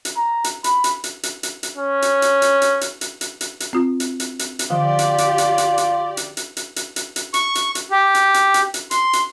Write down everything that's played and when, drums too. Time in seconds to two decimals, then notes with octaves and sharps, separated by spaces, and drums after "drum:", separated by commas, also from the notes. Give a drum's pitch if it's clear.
0.05 drum: hi-hat
0.17 A#5
0.44 drum: hi-hat
0.64 B5, drum: hi-hat
0.84 drum: hi-hat
1.04 drum: hi-hat
1.23 drum: hi-hat
1.43 drum: hi-hat
1.63 drum: hi-hat
1.77 C#4
2.02 drum: hi-hat
2.22 drum: hi-hat
2.42 drum: hi-hat
2.62 drum: hi-hat
2.81 drum: hi-hat
3.01 drum: hi-hat
3.21 drum: hi-hat
3.41 drum: hi-hat
3.60 drum: hi-hat
3.73 C4 F4
4.00 drum: hi-hat
4.20 drum: hi-hat
4.39 drum: hi-hat
4.59 drum: hi-hat
4.70 D3 F3 F4 G4 D5
4.99 drum: hi-hat
5.18 drum: hi-hat
5.38 drum: hi-hat
5.58 drum: hi-hat
5.78 drum: hi-hat
6.17 drum: hi-hat
6.37 drum: hi-hat
6.57 drum: hi-hat
6.76 drum: hi-hat
6.96 drum: hi-hat
7.16 drum: hi-hat
7.34 C#6, drum: hi-hat
7.55 drum: hi-hat
7.75 drum: hi-hat
7.91 G4
8.15 drum: hi-hat
8.34 drum: hi-hat
8.54 drum: hi-hat
8.74 drum: hi-hat
8.91 C6, drum: hi-hat
9.13 drum: hi-hat